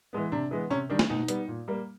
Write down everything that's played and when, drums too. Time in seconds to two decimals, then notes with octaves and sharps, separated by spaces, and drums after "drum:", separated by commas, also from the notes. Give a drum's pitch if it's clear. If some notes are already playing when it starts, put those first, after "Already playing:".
0.13 E3 G#3 B3
0.32 C3 D4
0.51 E3 G#3 B3
0.70 C3 C#4
0.90 D#3 G3 D4
0.99 drum: snare
1.10 B2 D#4
1.28 G3 B3, drum: hi-hat
1.48 A#2
1.68 G3 A#3